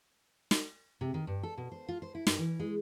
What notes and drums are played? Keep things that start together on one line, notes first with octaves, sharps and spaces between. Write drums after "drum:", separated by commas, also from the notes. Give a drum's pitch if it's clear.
drum: snare
C3
D#3
G2
A4
B2
C5
F4
C5
E4
G2, drum: snare
E3
G#3